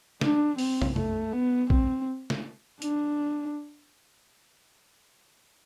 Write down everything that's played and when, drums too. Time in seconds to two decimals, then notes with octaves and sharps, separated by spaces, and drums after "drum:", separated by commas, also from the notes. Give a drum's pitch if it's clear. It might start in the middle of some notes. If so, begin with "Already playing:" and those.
0.21 D4, drum: snare
0.58 C4, drum: open hi-hat
0.82 drum: tom
0.96 A3, drum: tom
1.33 B3
1.70 C4, drum: kick
2.30 drum: snare
2.82 D4, drum: hi-hat